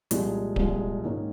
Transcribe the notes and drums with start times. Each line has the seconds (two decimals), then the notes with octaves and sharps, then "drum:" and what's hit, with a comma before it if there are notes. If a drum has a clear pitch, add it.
0.11 C2 A#2 F3 G#3, drum: hi-hat
0.56 C2 A#2 F3 G#3, drum: kick D1
1.02 G#2 D#3 A#3 C#4